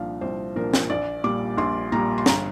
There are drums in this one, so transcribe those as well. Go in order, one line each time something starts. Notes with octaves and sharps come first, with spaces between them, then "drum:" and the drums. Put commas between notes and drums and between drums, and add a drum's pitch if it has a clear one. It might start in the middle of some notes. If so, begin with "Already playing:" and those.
Already playing: C2 A#2 F3 D4 F5
C2 C5
A#2 F3 D4 A#4
drum: snare
A#1 D5
A#2 G3 D6
A#1 C6
A#2 G3 A#5
C6
G1 A#5, drum: snare